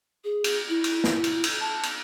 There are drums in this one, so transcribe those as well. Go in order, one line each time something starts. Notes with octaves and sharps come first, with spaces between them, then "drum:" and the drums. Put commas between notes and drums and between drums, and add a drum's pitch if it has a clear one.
G#4
drum: cymbal
E4
drum: cymbal
drum: snare
drum: cymbal
drum: cymbal
A5
drum: cymbal